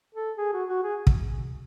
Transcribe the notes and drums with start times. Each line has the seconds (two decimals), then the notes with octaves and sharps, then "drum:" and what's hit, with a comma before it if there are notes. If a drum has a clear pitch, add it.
0.15 A4
0.37 G#4
0.53 F#4
0.69 F#4
0.83 G#4
1.07 drum: kick